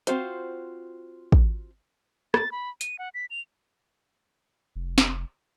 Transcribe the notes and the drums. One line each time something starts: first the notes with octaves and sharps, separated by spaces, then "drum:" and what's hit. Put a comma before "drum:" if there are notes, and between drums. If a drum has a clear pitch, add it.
C4 F4 F#4 C5, drum: hi-hat
drum: kick
A6, drum: rim click
B5
D#7, drum: hi-hat
F#5
B6
F7
F1
drum: snare